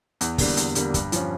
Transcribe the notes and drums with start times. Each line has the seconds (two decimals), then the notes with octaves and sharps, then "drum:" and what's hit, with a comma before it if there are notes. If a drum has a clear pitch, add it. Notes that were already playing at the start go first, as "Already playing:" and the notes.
0.21 E2, drum: hi-hat
0.38 D3 G3 A#3, drum: kick, open hi-hat
0.57 E2, drum: hi-hat
0.75 D3 G3 A#3, drum: hi-hat
0.94 G2, drum: kick, hi-hat
1.12 F3 C#4, drum: hi-hat